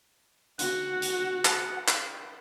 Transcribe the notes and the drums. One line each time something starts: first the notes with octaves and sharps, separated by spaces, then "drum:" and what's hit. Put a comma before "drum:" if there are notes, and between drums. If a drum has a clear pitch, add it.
F#4 F#5, drum: hi-hat
drum: hi-hat
drum: clap
drum: clap